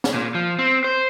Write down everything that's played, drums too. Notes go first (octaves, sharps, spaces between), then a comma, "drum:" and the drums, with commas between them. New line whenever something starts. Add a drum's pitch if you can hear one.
drum: snare
A#2
F3
C4
C5